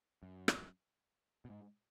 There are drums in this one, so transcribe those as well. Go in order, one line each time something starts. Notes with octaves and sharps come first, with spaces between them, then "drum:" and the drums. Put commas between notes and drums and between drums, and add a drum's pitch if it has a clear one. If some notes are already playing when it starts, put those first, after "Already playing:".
F#2
drum: rim click
B2
G#2